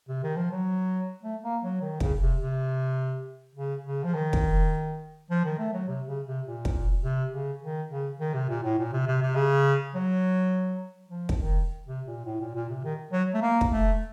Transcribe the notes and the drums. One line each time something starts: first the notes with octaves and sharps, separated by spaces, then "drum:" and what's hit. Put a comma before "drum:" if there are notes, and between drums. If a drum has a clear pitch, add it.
C3
D#3
F3
F#3
A3
A#3
F#3
D#3
C#3, drum: kick
C3
C3
C#3
C#3
F3
D#3
drum: kick
F3
D#3
A3
F#3
C3
C#3
C3
A#2
drum: kick
C3
C#3
D#3
C#3
D#3
C3
A#2
A2
A#2
C3
C3
C3
C#3
F#3
F3
drum: kick
D#3
C3
A#2
A2
A#2
A#2
C3
D#3
F#3
A3
A#3
drum: kick
A3